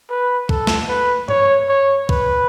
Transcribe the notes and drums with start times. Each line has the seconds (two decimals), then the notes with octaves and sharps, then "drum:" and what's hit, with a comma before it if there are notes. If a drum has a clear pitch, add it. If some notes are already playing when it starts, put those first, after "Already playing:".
0.10 B4
0.49 A4, drum: kick
0.67 drum: snare
0.89 B4
1.29 C#5, drum: tom G2
1.69 C#5
2.09 B4, drum: kick